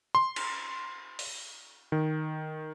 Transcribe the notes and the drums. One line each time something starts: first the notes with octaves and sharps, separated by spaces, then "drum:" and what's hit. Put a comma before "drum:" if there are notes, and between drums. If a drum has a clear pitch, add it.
C6
drum: cymbal
drum: open hi-hat
D#3